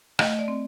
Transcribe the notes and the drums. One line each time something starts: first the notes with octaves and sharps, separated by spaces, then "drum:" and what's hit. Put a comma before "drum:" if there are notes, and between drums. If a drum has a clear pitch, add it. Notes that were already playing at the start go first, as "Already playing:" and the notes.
A3 D#5, drum: rim click
D#5
D5
C4